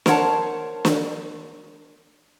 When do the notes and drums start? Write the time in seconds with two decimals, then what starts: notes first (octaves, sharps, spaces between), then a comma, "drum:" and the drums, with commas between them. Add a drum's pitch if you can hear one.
0.06 A#4 C5 C#5 F#5 A5, drum: snare
0.85 drum: snare